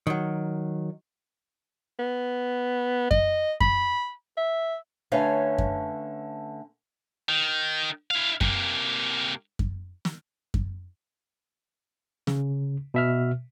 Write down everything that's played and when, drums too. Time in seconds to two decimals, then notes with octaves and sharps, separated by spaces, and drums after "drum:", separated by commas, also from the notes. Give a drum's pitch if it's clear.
0.07 D#3 F#3
1.99 B3
3.11 D#5, drum: kick F#2
3.60 B5, drum: kick F#2
4.37 E5
5.12 D3 A3 C#4 B4 C#5 F5
5.58 drum: kick F#2
7.29 D#3
8.11 E4 F5
8.41 C3 A#3, drum: kick F#2
9.59 drum: kick F#2
10.05 drum: snare
10.54 drum: kick F#2
12.27 C#3, drum: snare
12.94 B2 E5 F6